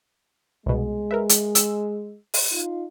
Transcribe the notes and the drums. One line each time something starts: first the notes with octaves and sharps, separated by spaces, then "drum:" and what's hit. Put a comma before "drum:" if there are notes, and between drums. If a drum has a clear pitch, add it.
C2 B2 G#3
A#4 B4 E5
drum: hi-hat
E6, drum: hi-hat
drum: open hi-hat
D#4 F4